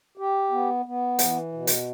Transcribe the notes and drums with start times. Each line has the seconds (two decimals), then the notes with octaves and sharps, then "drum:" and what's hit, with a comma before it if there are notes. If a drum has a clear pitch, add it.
0.17 G4
0.51 B3
0.86 B3
1.19 E3, drum: hi-hat
1.53 B2
1.67 drum: hi-hat